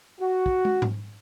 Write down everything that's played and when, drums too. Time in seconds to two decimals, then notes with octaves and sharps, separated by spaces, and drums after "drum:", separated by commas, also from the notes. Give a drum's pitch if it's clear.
0.20 F#4
0.46 drum: kick
0.65 drum: tom
0.82 drum: tom G#2